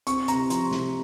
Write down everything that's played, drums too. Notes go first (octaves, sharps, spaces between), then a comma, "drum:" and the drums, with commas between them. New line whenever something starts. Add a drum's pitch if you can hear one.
C4 C#6, drum: hi-hat
C3 A#5, drum: hi-hat
F3 C6, drum: hi-hat
C3, drum: snare